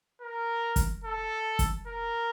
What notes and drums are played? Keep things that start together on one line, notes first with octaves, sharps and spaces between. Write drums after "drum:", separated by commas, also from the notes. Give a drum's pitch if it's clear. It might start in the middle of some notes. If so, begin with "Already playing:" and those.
A#4
drum: kick, hi-hat
A4
drum: kick, hi-hat
A#4